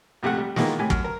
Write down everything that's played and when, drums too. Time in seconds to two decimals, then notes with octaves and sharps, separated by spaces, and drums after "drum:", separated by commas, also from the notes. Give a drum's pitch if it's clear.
0.23 A#1 C3 A3 F#5
0.38 G3
0.56 D#3 E3 G#3 A#3 B3 F4, drum: snare
0.79 A2 C3 G#5
0.90 F#2, drum: kick
1.04 A#4